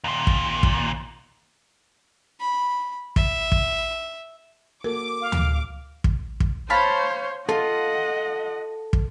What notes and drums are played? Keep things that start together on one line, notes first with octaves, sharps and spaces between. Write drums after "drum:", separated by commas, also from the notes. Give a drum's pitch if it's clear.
D#2 A#2
drum: kick
drum: kick
B5
E5, drum: kick
drum: kick
A#3 F#4 A4 A#4 D6
F5
drum: tom D2
drum: kick
drum: kick
C5 C#5 F5 A5 B5
F4 A4 D#5 F#5
drum: kick